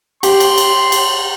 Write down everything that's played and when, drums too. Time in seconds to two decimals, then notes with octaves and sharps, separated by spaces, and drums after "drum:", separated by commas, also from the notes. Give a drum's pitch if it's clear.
0.23 G4 C6, drum: cymbal
0.40 drum: cymbal
0.58 drum: cymbal
0.92 drum: cymbal